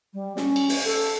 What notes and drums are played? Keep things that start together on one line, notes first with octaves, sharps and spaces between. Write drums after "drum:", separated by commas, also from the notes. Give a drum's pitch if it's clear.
G3
C#4, drum: snare
drum: cymbal
drum: open hi-hat
A4